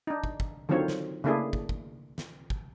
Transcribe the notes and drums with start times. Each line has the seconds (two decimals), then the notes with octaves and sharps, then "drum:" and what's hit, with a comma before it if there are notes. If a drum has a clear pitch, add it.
0.07 D4 D#4
0.24 drum: kick
0.40 drum: kick
0.69 D3 D#3 F#3 C4 F4 C#5
0.88 drum: snare
1.24 C#3 A3 A#3 D4 E4 G#4
1.53 drum: kick
1.69 drum: kick
2.18 drum: snare
2.50 drum: kick